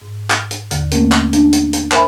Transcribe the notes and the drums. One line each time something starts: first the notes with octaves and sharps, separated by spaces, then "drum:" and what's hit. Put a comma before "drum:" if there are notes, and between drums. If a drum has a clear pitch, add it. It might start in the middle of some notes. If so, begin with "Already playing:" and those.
G#2
drum: clap
drum: hi-hat
D#2 D3, drum: hi-hat
A3 A#3 C4 C#4 A#4, drum: hi-hat
drum: clap
D4, drum: hi-hat
drum: hi-hat
drum: hi-hat
A#4 C5 E5 G#5 B5, drum: clap